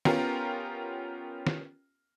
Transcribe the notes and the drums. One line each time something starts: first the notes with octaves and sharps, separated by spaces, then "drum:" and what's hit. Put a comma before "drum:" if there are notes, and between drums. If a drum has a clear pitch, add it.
B3 C#4 F4 G4 A#4, drum: snare
drum: snare